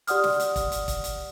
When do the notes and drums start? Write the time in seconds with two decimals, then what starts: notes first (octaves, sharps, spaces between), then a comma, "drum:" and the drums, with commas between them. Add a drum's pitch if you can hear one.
0.07 G4 D5 F#5 D#6 F6, drum: hi-hat
0.23 drum: snare
0.40 drum: hi-hat
0.56 drum: kick, hi-hat
0.72 drum: hi-hat
0.88 drum: kick, hi-hat
1.04 drum: hi-hat